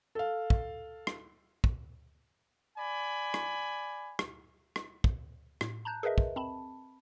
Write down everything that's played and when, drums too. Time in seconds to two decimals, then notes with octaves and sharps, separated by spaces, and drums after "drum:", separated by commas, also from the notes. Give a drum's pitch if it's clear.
0.15 A4 F5
0.50 drum: kick
1.07 drum: rim click
1.64 drum: kick
2.77 D5 G#5 B5
3.34 drum: rim click
4.19 drum: rim click
4.76 drum: rim click
5.04 drum: kick
5.61 A2, drum: rim click
5.85 A5 A#5 F#6 G6
6.03 G#4 A#4 B4 D#5 E5
6.18 drum: kick
6.36 C4 A5 B5